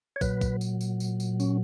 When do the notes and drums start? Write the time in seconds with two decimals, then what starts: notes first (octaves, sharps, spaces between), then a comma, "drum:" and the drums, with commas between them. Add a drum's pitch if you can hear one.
0.16 C#5
0.21 A#2 F#3 B4, drum: kick, tambourine
0.41 drum: kick, tambourine
0.61 drum: tambourine
0.81 drum: tambourine
1.00 drum: tambourine
1.20 drum: tambourine
1.40 C#4, drum: tambourine